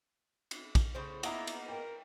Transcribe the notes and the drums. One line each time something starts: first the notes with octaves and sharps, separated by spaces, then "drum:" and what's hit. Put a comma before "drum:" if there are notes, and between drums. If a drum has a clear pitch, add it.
drum: cymbal
drum: kick, cymbal
A2 C#3 C5
A#3 B3 D#4 E4 F#5 A#5, drum: cymbal
drum: cymbal
A#4 G5